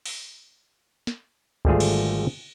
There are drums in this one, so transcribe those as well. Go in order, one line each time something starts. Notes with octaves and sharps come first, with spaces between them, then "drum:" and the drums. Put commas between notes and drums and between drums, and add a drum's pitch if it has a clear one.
drum: open hi-hat
drum: snare
G#1 D3 G3 A3 F4 G#4, drum: kick C#2
drum: cymbal